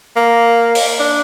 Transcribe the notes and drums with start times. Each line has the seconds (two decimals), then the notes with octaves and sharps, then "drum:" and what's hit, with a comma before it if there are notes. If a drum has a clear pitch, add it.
0.16 A#3
0.75 drum: open hi-hat
1.00 D4